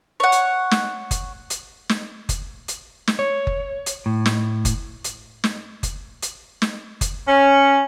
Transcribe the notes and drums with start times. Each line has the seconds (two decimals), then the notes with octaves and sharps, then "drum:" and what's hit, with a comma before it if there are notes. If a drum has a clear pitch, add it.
0.20 C#5 F#5
0.32 drum: hi-hat
0.71 drum: snare
1.11 drum: kick F#1, hi-hat
1.50 drum: hi-hat
1.89 drum: snare
2.29 drum: kick F#1, hi-hat
2.68 drum: hi-hat
3.07 drum: snare
3.19 C#5
3.47 drum: kick F#1
3.86 drum: hi-hat
4.06 A2
4.26 drum: snare
4.65 drum: kick F#1, hi-hat
5.04 drum: hi-hat
5.44 drum: snare
5.83 drum: kick F#1, hi-hat
6.22 drum: hi-hat
6.62 drum: snare
7.01 drum: kick F#1, hi-hat
7.28 C#4